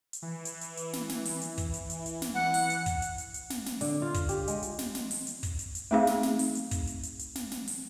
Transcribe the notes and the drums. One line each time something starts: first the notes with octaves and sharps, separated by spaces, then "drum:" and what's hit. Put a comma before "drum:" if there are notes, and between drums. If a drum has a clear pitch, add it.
drum: hi-hat
E3
drum: hi-hat
drum: hi-hat
drum: hi-hat
drum: snare
drum: snare
drum: open hi-hat
drum: hi-hat
drum: kick, hi-hat
drum: hi-hat
drum: hi-hat
drum: hi-hat
drum: snare
F#5
drum: open hi-hat
drum: hi-hat
drum: kick, hi-hat
drum: hi-hat
drum: hi-hat
drum: hi-hat
drum: snare
drum: snare
D3, drum: open hi-hat
F4
drum: kick, hi-hat
G4, drum: hi-hat
G#3, drum: hi-hat
drum: hi-hat
drum: snare
drum: snare
drum: open hi-hat
drum: hi-hat
drum: kick, hi-hat
drum: hi-hat
drum: hi-hat
A3 C4 D#4 G#4 F5
drum: snare
drum: snare
drum: open hi-hat
drum: hi-hat
drum: kick, hi-hat
drum: hi-hat
drum: hi-hat
drum: hi-hat
drum: snare
drum: snare
drum: open hi-hat